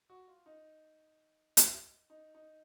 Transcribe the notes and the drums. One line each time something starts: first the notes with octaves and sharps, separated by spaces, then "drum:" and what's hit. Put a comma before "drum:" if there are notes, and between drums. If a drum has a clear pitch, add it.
F#4
F4
D#4
drum: hi-hat
D#4
D#4